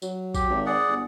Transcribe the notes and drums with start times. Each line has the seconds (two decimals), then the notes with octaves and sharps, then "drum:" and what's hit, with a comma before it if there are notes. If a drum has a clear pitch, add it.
0.02 F#3, drum: tambourine
0.35 G4, drum: kick A#1, tambourine
0.50 G#1
0.66 G#4 D5 F#5
0.89 G1